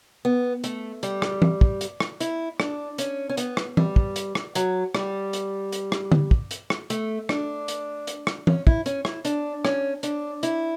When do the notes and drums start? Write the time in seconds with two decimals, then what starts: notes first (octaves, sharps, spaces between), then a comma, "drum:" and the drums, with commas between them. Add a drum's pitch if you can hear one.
0.25 B3
0.64 A3, drum: hi-hat
1.03 G3, drum: hi-hat
1.22 drum: rim click
1.42 drum: tom E3
1.61 drum: kick
1.81 drum: hi-hat
2.00 drum: rim click
2.20 E4, drum: hi-hat
2.60 D4, drum: rim click
2.98 C#4, drum: hi-hat
3.29 C#4
3.37 B3, drum: hi-hat
3.57 drum: rim click
3.77 G3, drum: tom E3
3.96 drum: kick
4.16 drum: hi-hat
4.35 drum: rim click
4.55 F#3, drum: hi-hat
4.95 G3, drum: rim click
5.33 drum: hi-hat
5.72 drum: hi-hat
5.92 drum: rim click
6.12 drum: tom D3
6.31 drum: kick
6.51 drum: hi-hat
6.70 drum: rim click
6.90 A3, drum: hi-hat
7.29 D4, drum: rim click
7.68 drum: hi-hat
8.07 drum: hi-hat
8.27 drum: rim click
8.47 C#4, drum: tom E3
8.67 E4, drum: kick
8.86 C#4, drum: hi-hat
9.05 E4, drum: rim click
9.25 D4, drum: hi-hat
9.65 C#4, drum: rim click
10.03 D4, drum: hi-hat
10.43 E4, drum: hi-hat